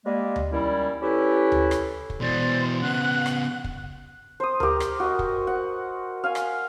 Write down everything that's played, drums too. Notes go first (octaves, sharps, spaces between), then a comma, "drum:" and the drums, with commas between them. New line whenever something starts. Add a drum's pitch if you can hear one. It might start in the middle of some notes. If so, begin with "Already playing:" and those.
G3 G#3 A#3
drum: tom D2
D#3 G3 C#4 E4
C#4 E4 G4 A4 B4
drum: tom D2
drum: rim click
drum: kick
B2 E3 C5 D5
C#3 B3 F#5 F#6
drum: rim click
drum: kick
C5 D#6
G4 A#4, drum: tom D2
drum: rim click
F#4 D#5
drum: kick
F#5
F5 F#5 G#5
drum: rim click